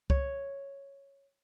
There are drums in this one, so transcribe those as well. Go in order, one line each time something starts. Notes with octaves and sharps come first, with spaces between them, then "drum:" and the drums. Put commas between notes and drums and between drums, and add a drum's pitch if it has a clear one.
C#5, drum: kick C2